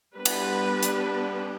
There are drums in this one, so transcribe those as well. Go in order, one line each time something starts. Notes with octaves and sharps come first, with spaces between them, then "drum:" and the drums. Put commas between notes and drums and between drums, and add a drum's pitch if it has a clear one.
G3 B3 D4 B4
drum: cymbal
drum: hi-hat